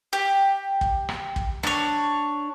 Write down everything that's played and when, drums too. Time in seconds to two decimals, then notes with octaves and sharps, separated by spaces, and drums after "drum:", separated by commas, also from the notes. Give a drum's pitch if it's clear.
0.13 G4
0.81 drum: kick
1.09 drum: rim click
1.36 drum: kick
1.63 D4 C#5, drum: rim click